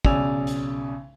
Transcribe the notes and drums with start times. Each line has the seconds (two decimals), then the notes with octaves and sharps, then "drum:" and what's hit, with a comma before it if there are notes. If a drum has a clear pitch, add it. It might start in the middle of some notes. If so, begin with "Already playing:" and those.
0.05 B1 C#3 D5 G#5 E6 F7, drum: kick
0.47 drum: hi-hat